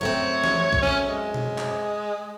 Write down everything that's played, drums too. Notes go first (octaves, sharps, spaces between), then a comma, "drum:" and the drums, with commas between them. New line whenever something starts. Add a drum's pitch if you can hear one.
F#2 A3 C4 C#5
drum: snare
drum: kick B1
C#4
G#3
drum: tom B2
drum: clap